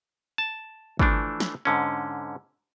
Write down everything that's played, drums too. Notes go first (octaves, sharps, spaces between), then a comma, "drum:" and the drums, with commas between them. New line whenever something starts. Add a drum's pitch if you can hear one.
A5
E3 F3 A3 D4, drum: kick
drum: snare
G#2 D3 C#4